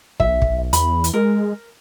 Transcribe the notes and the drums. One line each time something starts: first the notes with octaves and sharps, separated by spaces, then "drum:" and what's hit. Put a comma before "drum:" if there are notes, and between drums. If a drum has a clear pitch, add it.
B1 E5, drum: kick
drum: kick
E2 B5, drum: hi-hat
drum: hi-hat
G#3 A#4